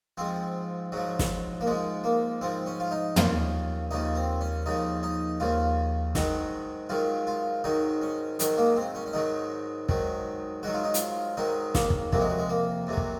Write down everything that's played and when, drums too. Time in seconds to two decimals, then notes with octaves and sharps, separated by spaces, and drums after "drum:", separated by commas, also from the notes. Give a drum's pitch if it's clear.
0.17 G#2 F3 C4
0.92 G#2 F3 F#3
1.19 drum: snare
1.61 A#3
1.67 G#2 F3 G#3
2.04 A#3
2.41 G#2 F3 C4
2.66 C#4
2.80 F4
2.91 D#4
3.16 D#2 C#3 F3 F4, drum: tom
3.91 D#2 C#3 F3 D#4
4.15 C4
4.41 C#4
4.66 D#2 C#3 F3 D#4
5.03 D#4
5.40 D#2 C#3 F3 F4
6.15 G#2 D#3 F#3 F#4, drum: snare
6.89 G#2 D#3 F#3 F4
7.27 F4
7.64 G#2 D#3 F#3 D#4
8.02 C#4
8.39 G#2 D#3 F#3, drum: hi-hat
8.57 A#3
8.76 C4
8.95 C#4
9.06 C#4
9.13 G#2 D#3 F#3 D#4
9.89 G#2 D#3 F#3, drum: kick
10.63 G#2 D#3 F#3 F#4
10.74 F4
10.84 D#4
10.94 F4, drum: hi-hat
11.37 G#2 D#3 F#3 D#4
11.75 A#3, drum: snare
11.90 drum: kick
12.12 F2 C3 F#3 A#3, drum: kick
12.21 G#3
12.30 F#3
12.39 G#3
12.49 A#3
12.87 F2 C3 F#3
12.97 drum: kick